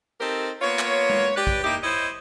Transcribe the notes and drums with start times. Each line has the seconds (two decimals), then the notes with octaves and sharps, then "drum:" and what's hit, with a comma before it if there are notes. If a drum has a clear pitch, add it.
0.21 C4 D#4 G4 A4 A#4 C5
0.62 A#3 B3 F4 C#5
0.79 drum: clap
1.10 drum: tom G#3
1.36 G4 B4 D5
1.47 drum: kick
1.64 A#3 D#4 E4 G4
1.83 E4 C5 C#5 D#5